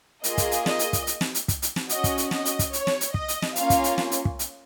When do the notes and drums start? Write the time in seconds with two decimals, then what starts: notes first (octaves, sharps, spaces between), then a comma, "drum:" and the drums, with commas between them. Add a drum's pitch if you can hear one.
0.24 A#3 F4 G#4 D#5, drum: hi-hat
0.38 drum: kick, hi-hat
0.51 drum: hi-hat
0.66 D#5, drum: snare
0.79 drum: hi-hat
0.93 drum: kick, hi-hat
1.07 drum: hi-hat
1.21 drum: snare
1.35 drum: hi-hat
1.48 drum: kick, hi-hat
1.62 drum: hi-hat
1.76 drum: snare
1.89 C#4 F#4 D#5, drum: hi-hat
2.04 drum: kick, hi-hat
2.18 drum: hi-hat
2.31 D#5, drum: snare
2.45 drum: hi-hat
2.59 drum: kick, hi-hat
2.73 C#5, drum: hi-hat
2.87 drum: snare
3.01 drum: hi-hat
3.14 D#5, drum: kick
3.28 drum: hi-hat
3.42 drum: snare
3.56 A#3 C#4 F4 F5, drum: hi-hat
3.70 drum: kick, hi-hat
3.84 drum: hi-hat
3.98 drum: snare
4.12 drum: hi-hat
4.25 drum: kick
4.39 drum: hi-hat